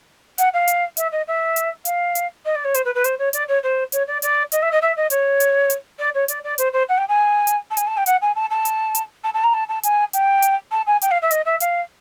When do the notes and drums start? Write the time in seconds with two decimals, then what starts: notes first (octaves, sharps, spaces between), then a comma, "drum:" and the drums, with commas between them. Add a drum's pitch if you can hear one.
0.38 F#5, drum: hi-hat
0.53 F5
0.68 drum: hi-hat
0.97 E5, drum: hi-hat
1.11 D#5
1.27 E5
1.56 drum: hi-hat
1.85 F5, drum: hi-hat
2.15 drum: hi-hat
2.45 D#5
2.55 D5
2.64 C#5
2.74 C5, drum: hi-hat
2.85 B4
2.95 B4
3.04 C5, drum: hi-hat
3.18 C#5
3.33 D5, drum: hi-hat
3.48 C#5
3.63 C5
3.92 C#5, drum: hi-hat
4.07 D5
4.22 D5, drum: hi-hat
4.52 D#5, drum: hi-hat
4.62 E5
4.71 D#5
4.82 E5
4.96 D#5
5.10 C#5, drum: hi-hat
5.40 drum: hi-hat
5.70 drum: hi-hat
5.99 D5
6.14 C#5
6.28 D5, drum: hi-hat
6.44 D5
6.58 C5, drum: hi-hat
6.72 C5
6.88 F#5
6.97 G5
7.08 G#5
7.47 drum: hi-hat
7.70 A5
7.77 G#5, drum: hi-hat
7.87 A5
7.97 G5
8.06 F#5, drum: hi-hat
8.21 G#5
8.35 A5
8.50 A5
8.65 drum: hi-hat
8.95 drum: hi-hat
9.24 A5
9.34 A5
9.43 A#5
9.53 A5
9.68 A5
9.83 G#5, drum: hi-hat
10.13 G5, drum: hi-hat
10.42 drum: hi-hat
10.71 A5
10.86 G#5
11.01 G5, drum: hi-hat
11.11 F5
11.22 E5
11.31 D#5, drum: hi-hat
11.45 E5
11.60 F5, drum: hi-hat